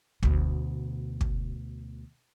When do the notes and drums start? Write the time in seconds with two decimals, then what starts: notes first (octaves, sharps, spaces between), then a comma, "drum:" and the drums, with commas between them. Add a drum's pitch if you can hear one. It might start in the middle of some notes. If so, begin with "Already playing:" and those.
0.23 D2 B2, drum: kick
1.21 drum: kick